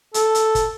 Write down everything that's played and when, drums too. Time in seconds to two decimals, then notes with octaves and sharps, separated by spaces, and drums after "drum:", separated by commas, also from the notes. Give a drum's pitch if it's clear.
0.14 A4, drum: hi-hat
0.35 drum: hi-hat
0.55 drum: kick, hi-hat